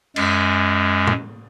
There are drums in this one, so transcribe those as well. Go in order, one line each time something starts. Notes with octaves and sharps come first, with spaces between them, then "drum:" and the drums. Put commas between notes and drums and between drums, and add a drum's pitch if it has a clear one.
F#2 G#3, drum: cymbal
drum: tom